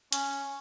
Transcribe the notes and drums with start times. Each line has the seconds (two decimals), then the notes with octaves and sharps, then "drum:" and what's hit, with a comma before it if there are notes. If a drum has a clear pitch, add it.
0.12 C#4, drum: hi-hat